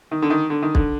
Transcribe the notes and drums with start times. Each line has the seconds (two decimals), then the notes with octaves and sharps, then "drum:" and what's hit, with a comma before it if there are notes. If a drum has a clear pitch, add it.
0.11 D#3
0.22 D3
0.30 D#3
0.50 D3
0.62 D#3
0.75 D3, drum: kick